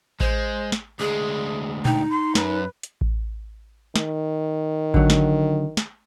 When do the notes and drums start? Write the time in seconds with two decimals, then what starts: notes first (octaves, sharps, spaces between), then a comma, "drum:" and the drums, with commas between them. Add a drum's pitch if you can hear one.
0.20 G#3 C5, drum: kick A1
0.72 drum: snare
1.00 D2 G#3 G#4
1.85 D#4 G5, drum: tom A#2
2.10 C6
2.35 F#2 B4, drum: snare
2.83 drum: hi-hat
3.01 drum: kick A1
3.96 D#3, drum: snare
4.94 D3 F#3, drum: kick A1
5.10 drum: snare
5.77 drum: snare